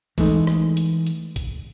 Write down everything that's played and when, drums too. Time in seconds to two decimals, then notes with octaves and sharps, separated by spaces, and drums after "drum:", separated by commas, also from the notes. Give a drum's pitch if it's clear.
0.18 E3 G#3 A3 D#4, drum: kick A#1, open hi-hat
0.47 drum: rim click
0.77 drum: hi-hat
1.06 drum: hi-hat
1.36 drum: kick A#1, hi-hat